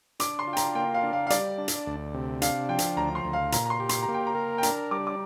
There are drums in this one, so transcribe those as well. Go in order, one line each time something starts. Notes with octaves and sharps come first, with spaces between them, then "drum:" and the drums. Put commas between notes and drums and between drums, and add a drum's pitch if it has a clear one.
D4 D6, drum: hi-hat
C6
F4
G5
A#5, drum: hi-hat
A#3 G5
F5
D4
F5
F5
G3 D5, drum: hi-hat
D4
drum: hi-hat
D2
C3
D4 F5, drum: hi-hat
F3 G5
drum: hi-hat
D2 A#5
C6
D2
F5
A#2 A#5, drum: hi-hat
A#5
C6
G4
C6, drum: hi-hat
A#5
A#3
G5
A#5
A#4
G5
D4 A#5, drum: hi-hat
G3 D6
D6